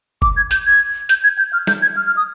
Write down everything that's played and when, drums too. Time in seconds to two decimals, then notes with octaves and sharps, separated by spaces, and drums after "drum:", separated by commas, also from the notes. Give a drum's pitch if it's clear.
0.22 D6, drum: kick F#1
0.37 G#6
0.51 G6, drum: hi-hat
0.66 G#6
1.09 G6, drum: hi-hat
1.24 G#6
1.38 G6
1.53 F6
1.67 G6, drum: snare
1.82 G#6
1.97 F6
2.07 F6
2.17 D#6